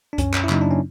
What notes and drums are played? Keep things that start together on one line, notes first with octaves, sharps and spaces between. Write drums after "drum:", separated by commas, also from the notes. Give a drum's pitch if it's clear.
D4
F#2 C#4, drum: kick C2, hi-hat
drum: clap
E4
C#3 F#3 A#3 D#4, drum: clap
D4
C#4